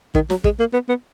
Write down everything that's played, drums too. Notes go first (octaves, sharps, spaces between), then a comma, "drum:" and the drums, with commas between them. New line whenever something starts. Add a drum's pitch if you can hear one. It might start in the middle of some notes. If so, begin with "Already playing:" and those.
D#3, drum: kick
F#3, drum: snare
G#3, drum: kick
A#3
B3
B3